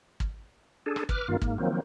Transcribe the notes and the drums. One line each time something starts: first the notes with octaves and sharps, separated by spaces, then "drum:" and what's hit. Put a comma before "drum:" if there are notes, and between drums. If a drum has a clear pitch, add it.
drum: kick
D4 G#4 A4
drum: rim click
B4 D6 F6, drum: kick
G2 D#3 A#3 F4
G#2 A#3, drum: kick
D#3 F3 F#3 A#3 C4